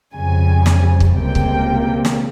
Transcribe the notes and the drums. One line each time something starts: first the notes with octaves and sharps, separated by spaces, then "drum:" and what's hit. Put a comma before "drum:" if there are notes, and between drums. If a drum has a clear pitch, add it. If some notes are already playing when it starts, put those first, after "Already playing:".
F2 C#3 G3 G#5
drum: snare
drum: kick
C#2 C3 G3 A#3 G5
drum: kick
drum: snare